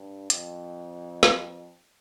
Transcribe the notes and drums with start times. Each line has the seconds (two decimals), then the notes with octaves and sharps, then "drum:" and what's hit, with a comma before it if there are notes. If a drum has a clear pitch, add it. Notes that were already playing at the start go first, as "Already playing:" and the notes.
Already playing: G2
0.30 F2, drum: hi-hat
1.23 drum: snare